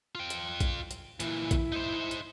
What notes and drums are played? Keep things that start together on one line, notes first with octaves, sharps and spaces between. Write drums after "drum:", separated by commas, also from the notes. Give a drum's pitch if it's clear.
F4 G5
drum: hi-hat
drum: kick A#1, hi-hat
drum: hi-hat
A#2 E3 E4, drum: hi-hat
drum: kick A#1, hi-hat
D#4 C5
drum: hi-hat